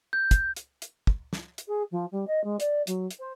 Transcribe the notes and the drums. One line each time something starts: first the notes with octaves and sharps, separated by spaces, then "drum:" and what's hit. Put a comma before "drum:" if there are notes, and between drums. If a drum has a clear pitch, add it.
G6
drum: kick, hi-hat
drum: hi-hat
drum: hi-hat
drum: kick
drum: snare
drum: hi-hat
G#4
F3
G3
D#5
G#3
D5, drum: hi-hat
F#3, drum: hi-hat
drum: hi-hat
C5